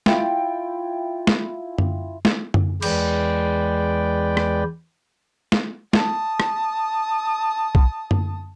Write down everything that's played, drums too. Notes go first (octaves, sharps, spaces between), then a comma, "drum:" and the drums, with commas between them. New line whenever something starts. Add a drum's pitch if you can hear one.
E4 F4 G5, drum: snare
drum: snare
drum: tom F#2
drum: snare
drum: tom F#2
E2 G#3 B4 D5 G5, drum: cymbal
drum: rim click
drum: snare
A5 D#6, drum: snare
drum: rim click
drum: kick B1
drum: tom F#2